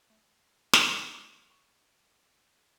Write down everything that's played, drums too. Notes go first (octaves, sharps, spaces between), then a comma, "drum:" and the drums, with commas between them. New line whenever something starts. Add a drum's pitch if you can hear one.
A3
drum: snare
C#6